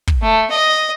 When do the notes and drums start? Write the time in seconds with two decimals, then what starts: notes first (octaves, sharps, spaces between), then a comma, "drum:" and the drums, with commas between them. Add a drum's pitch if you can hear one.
0.07 drum: kick
0.22 A3
0.51 D#5